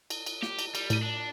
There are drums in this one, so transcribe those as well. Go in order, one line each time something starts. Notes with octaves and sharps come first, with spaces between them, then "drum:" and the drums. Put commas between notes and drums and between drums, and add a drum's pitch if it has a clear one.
drum: cymbal
drum: cymbal
G4, drum: snare
drum: cymbal
G3, drum: cymbal
A2 D#7, drum: cymbal
D4